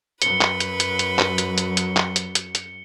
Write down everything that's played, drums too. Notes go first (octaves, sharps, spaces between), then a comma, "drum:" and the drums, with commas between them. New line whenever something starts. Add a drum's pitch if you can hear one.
F#2 F#3 B4 C#7 G7, drum: hi-hat
drum: clap
drum: hi-hat
drum: hi-hat
drum: hi-hat
drum: clap
drum: hi-hat
drum: hi-hat
drum: hi-hat
drum: clap
drum: hi-hat
drum: hi-hat
drum: hi-hat